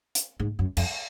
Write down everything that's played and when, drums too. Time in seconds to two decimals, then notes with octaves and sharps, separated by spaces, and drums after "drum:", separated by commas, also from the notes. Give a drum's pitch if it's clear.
0.15 drum: hi-hat
0.40 G#2
0.59 F#2
0.77 F2, drum: cymbal